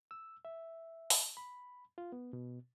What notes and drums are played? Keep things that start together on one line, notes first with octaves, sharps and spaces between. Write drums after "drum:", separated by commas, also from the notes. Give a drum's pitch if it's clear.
E6
E5
drum: open hi-hat
B5
F4
B3
B2